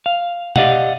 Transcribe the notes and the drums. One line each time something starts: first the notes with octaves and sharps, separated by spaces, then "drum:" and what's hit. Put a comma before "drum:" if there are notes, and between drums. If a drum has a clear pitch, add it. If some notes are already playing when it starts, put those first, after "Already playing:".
F5
G4 D5 D#5 F5 F#5, drum: tom B2